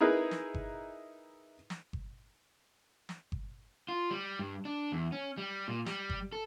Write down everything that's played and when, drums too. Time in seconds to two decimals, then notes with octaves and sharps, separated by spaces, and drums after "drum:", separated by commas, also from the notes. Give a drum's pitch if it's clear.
0.01 D#4 E4 G#4 A#4 B4
0.31 drum: snare
0.54 drum: kick G1
1.70 drum: snare
1.93 drum: kick G1
3.09 drum: snare
3.32 drum: kick G1
3.89 F4
4.11 G3
4.39 G2
4.65 D4
4.92 E2
5.12 C#4
5.38 G3
5.68 A#2
5.86 G3, drum: snare
6.10 drum: kick G1
6.33 A4